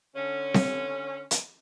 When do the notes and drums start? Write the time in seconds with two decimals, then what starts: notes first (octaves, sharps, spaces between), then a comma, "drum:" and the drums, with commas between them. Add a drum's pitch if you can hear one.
0.16 D3 C#4
0.54 drum: snare C4
1.31 drum: hi-hat